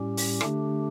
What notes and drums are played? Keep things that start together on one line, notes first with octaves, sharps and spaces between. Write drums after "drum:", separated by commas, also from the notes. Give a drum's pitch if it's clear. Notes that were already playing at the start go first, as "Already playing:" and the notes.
Already playing: A2 G3 C#4 G4
drum: open hi-hat
D3 A3 D4 G4, drum: rim click